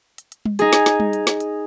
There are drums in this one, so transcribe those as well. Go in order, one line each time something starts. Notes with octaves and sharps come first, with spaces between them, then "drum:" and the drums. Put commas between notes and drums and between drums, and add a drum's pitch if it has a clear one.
drum: hi-hat
drum: hi-hat
drum: tom G3
D#4 G#4, drum: hi-hat
drum: snare
drum: snare
drum: tom G3
drum: hi-hat
drum: snare
drum: hi-hat